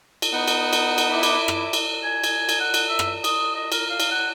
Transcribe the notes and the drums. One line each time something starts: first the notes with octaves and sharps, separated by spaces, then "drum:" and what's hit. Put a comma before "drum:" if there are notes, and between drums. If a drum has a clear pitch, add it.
drum: cymbal
B3 D#4 F#5
drum: cymbal
drum: cymbal
drum: cymbal
E4 D6
drum: cymbal
drum: rim click
drum: cymbal
G#5
drum: cymbal
drum: cymbal
F#5
drum: cymbal
E5
drum: rim click
D#6, drum: cymbal
D#5
A#4, drum: cymbal
F5
drum: cymbal
F#5